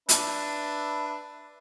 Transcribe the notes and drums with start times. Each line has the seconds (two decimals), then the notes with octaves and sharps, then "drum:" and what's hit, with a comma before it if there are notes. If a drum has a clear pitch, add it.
0.09 D4 B4 E5, drum: hi-hat